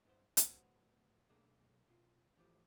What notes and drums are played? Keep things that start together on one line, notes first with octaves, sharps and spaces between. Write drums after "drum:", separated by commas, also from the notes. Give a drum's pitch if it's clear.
G2 B3 E4 C5
D2 A2 F#3 B3 C4 C#5, drum: hi-hat
B1 F#2 A3 A#3 D4 G#4
B2 F4
A2 E3 F3 G4